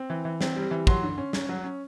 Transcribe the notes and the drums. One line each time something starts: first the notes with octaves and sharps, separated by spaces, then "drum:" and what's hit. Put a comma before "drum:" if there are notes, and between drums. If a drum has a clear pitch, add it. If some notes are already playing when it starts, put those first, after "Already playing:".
Already playing: C4
E3
E3
C4, drum: snare
G3
E3
F#3 C6, drum: kick
D3
C#4
C#4, drum: snare
F#3
C#4